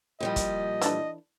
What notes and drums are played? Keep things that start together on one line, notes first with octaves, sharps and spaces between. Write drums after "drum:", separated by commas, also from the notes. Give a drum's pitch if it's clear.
A#2 F3 G3 D#5
drum: kick, hi-hat
E3 D4 A4, drum: hi-hat